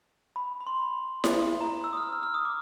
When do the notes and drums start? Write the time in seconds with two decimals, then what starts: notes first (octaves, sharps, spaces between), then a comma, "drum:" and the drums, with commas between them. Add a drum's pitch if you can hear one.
0.36 B5
0.60 B5
0.67 C6
0.82 B5
1.24 drum: snare E4
1.61 A#5
1.84 E6
1.93 D#6
1.97 F6
2.03 E6
2.13 F6
2.23 F6
2.34 D#6
2.45 D6